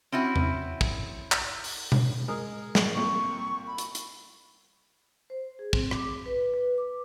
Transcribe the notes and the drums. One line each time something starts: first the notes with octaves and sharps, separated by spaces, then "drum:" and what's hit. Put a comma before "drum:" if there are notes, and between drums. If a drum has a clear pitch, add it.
C4 C#4 E4 F#4
drum: tom E2
drum: kick
drum: clap
drum: open hi-hat
drum: tom B2
G#3 A#4 D#6
drum: snare
C2 A#2 C#6
B5
drum: hi-hat
drum: hi-hat
C5
G#4
C4, drum: kick
D6, drum: rim click
B4
B4
D6